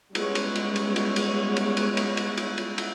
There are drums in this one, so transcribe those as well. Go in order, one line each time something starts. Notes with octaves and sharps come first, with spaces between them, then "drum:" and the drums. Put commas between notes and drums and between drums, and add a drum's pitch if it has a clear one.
G3 G#3 B3 C#4 F4 C#5, drum: cymbal
drum: cymbal
drum: cymbal
drum: cymbal
drum: cymbal
drum: cymbal
drum: cymbal
drum: cymbal
drum: cymbal
drum: cymbal
drum: cymbal
drum: cymbal
drum: cymbal